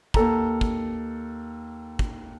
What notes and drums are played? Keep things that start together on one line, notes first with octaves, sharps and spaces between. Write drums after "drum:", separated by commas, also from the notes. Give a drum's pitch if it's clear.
D#2 A4 A#5, drum: kick
drum: kick
drum: kick